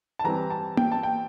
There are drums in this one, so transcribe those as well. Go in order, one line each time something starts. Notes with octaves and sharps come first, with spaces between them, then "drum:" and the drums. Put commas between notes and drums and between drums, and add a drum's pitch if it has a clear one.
A5
E3 G3 C4 A#5
A5
G5, drum: tom A#3
A5
G5